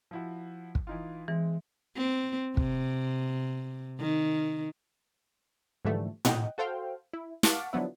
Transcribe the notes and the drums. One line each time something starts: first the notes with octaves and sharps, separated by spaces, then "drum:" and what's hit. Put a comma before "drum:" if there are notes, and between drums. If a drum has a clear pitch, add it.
F3 E4 F#4
drum: kick
E3 D#4 F4
E3 G#3 C4
C4
C3, drum: kick
D#3
G#2 D3 E3 F3 G3 A3
D#5 F#5 G5, drum: tom A2
F#4 A4 C5 F5 G5
E4
F5 F#5 A5 C#6 D6 F6, drum: snare
D3 F3 F#3 B3 E4